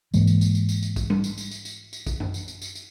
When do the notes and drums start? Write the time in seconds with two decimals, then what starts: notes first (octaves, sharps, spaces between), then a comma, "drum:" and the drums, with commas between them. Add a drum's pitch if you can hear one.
0.14 G#2 E3 G#3 A#3, drum: tambourine
0.27 drum: tambourine
0.41 drum: tambourine
0.55 drum: tambourine
0.69 drum: tambourine
0.82 drum: tambourine
0.96 drum: kick, tambourine
1.10 drum: tom G3
1.24 drum: tambourine
1.38 drum: tambourine
1.51 drum: tambourine
1.65 drum: tambourine
1.93 drum: tambourine
2.07 drum: kick, tambourine
2.20 drum: tom F#2
2.34 drum: tambourine
2.48 drum: tambourine
2.62 drum: tambourine
2.75 drum: tambourine